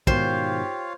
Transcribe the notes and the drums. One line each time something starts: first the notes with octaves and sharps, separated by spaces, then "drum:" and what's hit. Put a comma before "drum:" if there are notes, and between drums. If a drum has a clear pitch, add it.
G#2 B2 D#3 F4 G4 C5 C#5 F5, drum: kick